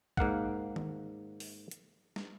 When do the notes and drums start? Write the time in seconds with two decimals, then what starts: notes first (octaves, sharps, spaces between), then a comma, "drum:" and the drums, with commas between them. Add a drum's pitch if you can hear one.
0.17 G#2 A#3 F5 F#5, drum: kick
0.76 drum: tom D#3
1.40 drum: open hi-hat
1.71 drum: hi-hat
2.16 drum: snare